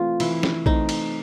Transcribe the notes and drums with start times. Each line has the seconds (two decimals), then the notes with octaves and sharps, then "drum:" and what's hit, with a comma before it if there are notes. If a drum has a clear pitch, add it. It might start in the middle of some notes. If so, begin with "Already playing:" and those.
Already playing: E3 A3 C4 F4
0.20 E3 E4, drum: cymbal
0.43 drum: snare
0.66 A3 C4 D#4, drum: kick A#1
0.89 drum: cymbal